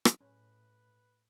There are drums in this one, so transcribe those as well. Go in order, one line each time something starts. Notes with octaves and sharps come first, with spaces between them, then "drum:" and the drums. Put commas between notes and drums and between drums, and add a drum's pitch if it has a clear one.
drum: rim click
A2 C#4 B4